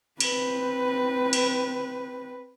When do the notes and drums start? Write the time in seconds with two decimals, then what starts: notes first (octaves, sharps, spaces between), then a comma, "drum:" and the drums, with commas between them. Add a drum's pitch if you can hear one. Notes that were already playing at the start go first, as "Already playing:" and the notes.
0.20 C4 B4, drum: cymbal
1.33 drum: cymbal